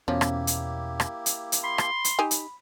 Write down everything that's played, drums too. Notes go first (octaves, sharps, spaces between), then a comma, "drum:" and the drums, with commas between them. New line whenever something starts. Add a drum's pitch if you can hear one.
E2 B2 F3 A#3 C#4 E4 G4
drum: rim click
drum: hi-hat
drum: rim click
drum: hi-hat
drum: hi-hat
B5 C6
drum: rim click
drum: hi-hat
D#4 G4 G#5
drum: hi-hat